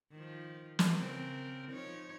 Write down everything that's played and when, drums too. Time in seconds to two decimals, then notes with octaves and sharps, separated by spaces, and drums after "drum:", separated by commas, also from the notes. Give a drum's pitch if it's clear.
0.12 D#3 F3
0.79 drum: snare
0.97 C#3 C4 A#4
1.72 F3 D#4 C#5